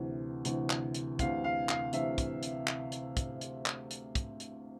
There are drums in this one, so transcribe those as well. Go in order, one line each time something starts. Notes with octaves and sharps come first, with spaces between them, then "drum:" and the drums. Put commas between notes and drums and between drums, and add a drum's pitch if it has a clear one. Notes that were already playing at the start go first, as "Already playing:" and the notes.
Already playing: D2 C3 E3
D2 C3 E3, drum: hi-hat
drum: clap
drum: hi-hat
D2 C3 E3 F5, drum: kick, hi-hat
F5
F5, drum: clap
D2 C3 E3 E5, drum: hi-hat
drum: kick, hi-hat
drum: hi-hat
drum: clap
drum: hi-hat
drum: kick, hi-hat
drum: hi-hat
drum: clap
drum: hi-hat
drum: kick, hi-hat
drum: hi-hat